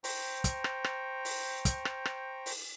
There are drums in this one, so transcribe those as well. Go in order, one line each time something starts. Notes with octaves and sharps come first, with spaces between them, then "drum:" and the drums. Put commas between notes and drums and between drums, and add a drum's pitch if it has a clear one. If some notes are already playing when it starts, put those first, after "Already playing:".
C5 G5 A#5 C#6, drum: open hi-hat
drum: kick, hi-hat
drum: rim click
drum: rim click
drum: open hi-hat
drum: kick, hi-hat
drum: rim click
drum: rim click
drum: open hi-hat